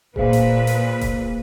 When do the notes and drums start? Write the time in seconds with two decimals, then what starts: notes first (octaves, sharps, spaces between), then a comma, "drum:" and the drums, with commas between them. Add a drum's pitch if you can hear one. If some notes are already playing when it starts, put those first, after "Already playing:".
0.16 A#2 G#4 B4 C5 F5, drum: kick D#1
0.33 drum: hi-hat
0.67 drum: hi-hat
1.01 drum: kick D#1, hi-hat